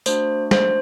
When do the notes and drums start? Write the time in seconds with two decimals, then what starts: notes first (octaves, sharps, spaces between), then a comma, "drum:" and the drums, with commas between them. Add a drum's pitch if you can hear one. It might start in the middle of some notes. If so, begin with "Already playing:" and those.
0.06 A3 D4 F#4 C5, drum: tambourine
0.51 C5, drum: snare